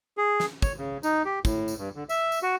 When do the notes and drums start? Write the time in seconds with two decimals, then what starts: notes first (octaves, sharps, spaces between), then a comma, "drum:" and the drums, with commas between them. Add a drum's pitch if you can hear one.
0.17 G#4
0.40 drum: snare
0.62 C#5, drum: kick, tambourine
0.78 C#3
1.03 D#4, drum: tambourine
1.25 G4
1.45 A2, drum: kick, tambourine
1.68 drum: tambourine
1.78 G2
1.95 D3
2.09 E5, drum: tambourine
2.32 drum: tambourine
2.43 F#4